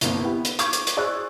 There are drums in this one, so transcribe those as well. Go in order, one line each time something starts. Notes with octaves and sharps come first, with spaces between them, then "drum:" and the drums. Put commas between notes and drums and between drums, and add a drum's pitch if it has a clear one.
G1 C2 A#3 C4, drum: hi-hat
B3 E4 G4
drum: hi-hat
C#6 D6 G6 G#6, drum: hi-hat
drum: hi-hat
drum: hi-hat
G#4 C5 D5 C#6 E6 F#6